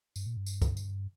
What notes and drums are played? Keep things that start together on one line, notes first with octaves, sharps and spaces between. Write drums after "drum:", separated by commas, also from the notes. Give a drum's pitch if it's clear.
G2, drum: tambourine
A#2
G2
drum: tambourine
drum: kick, tambourine
drum: tambourine